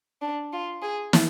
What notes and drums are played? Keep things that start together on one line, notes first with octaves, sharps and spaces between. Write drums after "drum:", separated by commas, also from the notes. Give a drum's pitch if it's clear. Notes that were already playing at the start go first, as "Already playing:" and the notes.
D4
F4
G#4
drum: snare